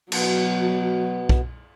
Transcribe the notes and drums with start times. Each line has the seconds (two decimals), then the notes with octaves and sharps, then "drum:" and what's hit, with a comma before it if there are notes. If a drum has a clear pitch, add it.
0.12 B2 F#3 B3, drum: cymbal
1.29 drum: kick B1